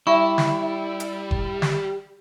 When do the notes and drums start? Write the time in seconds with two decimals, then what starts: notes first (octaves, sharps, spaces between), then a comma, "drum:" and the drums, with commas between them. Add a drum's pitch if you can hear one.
0.07 G3 E4 E5 C#6
0.38 drum: snare
1.00 drum: hi-hat
1.31 drum: kick F1
1.62 drum: snare